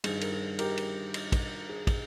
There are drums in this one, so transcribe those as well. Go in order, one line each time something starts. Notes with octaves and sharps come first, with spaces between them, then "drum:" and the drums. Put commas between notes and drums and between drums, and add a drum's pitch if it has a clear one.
G2 D#3 G#4, drum: cymbal
A#4, drum: cymbal
G#4
G4 A#4, drum: cymbal
drum: cymbal
drum: cymbal
drum: kick, cymbal
G#4
drum: kick, cymbal